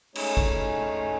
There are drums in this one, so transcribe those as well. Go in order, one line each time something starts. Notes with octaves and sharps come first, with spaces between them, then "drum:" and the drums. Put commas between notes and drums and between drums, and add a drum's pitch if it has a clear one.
G#3 A3 C#4 D#4 G#4 C#5, drum: cymbal
drum: kick